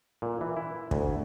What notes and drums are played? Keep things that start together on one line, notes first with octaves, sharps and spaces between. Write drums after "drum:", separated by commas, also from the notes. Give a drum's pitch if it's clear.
A#2
E3
E4
D2, drum: kick